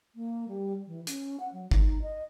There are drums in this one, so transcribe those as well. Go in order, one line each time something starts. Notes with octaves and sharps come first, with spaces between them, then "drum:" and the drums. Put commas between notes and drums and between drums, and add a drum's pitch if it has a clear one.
A#3
G3
E3
C#4, drum: hi-hat
F#5
F#3
D#4, drum: kick
D#5